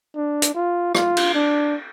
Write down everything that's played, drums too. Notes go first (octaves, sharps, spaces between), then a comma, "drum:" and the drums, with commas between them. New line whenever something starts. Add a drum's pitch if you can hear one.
D4
drum: hi-hat
F4
F4, drum: rim click
drum: cymbal
D4